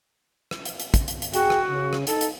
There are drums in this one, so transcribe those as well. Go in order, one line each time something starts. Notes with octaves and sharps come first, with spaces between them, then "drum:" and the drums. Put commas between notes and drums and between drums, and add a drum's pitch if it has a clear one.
drum: rim click
drum: hi-hat
drum: hi-hat
drum: kick, hi-hat
drum: hi-hat
drum: hi-hat
F#4 G#4 G5, drum: hi-hat
drum: rim click
C#3
drum: rim click
D#4 A4, drum: hi-hat
drum: hi-hat